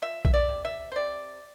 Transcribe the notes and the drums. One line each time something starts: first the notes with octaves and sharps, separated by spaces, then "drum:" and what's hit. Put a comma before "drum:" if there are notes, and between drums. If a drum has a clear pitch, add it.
F3 E5
E5, drum: kick A#1
D5
C3
E5
C5
C3 D5